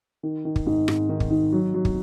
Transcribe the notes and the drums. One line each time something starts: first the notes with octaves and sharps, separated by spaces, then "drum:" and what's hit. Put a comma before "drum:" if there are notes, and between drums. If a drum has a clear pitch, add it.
D#3
D#3
drum: kick
G#2
G#2, drum: rim click
D#3
drum: kick
D#3
F#3
F#3
drum: kick